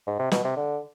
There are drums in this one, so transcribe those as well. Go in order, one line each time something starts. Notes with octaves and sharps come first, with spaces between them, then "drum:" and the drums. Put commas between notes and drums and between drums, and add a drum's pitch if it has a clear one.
G#2
C3
B2, drum: snare
C3
D3